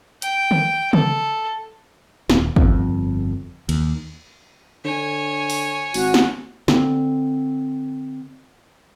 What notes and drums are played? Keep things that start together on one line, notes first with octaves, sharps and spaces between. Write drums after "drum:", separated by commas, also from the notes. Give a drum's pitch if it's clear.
G5, drum: hi-hat
drum: tom D3
A4, drum: tom C#3
D#1, drum: snare
G1 F2, drum: kick
D#2, drum: cymbal
D3 C#5 G#5
drum: open hi-hat
G#1 F#4, drum: open hi-hat
drum: snare
D3 C4, drum: snare